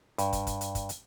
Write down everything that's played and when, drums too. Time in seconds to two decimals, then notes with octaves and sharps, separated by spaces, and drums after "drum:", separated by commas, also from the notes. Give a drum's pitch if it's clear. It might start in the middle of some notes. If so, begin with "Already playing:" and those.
0.18 G2, drum: hi-hat
0.33 drum: kick, hi-hat
0.47 drum: kick, hi-hat
0.61 drum: hi-hat
0.75 drum: kick, hi-hat
0.89 drum: hi-hat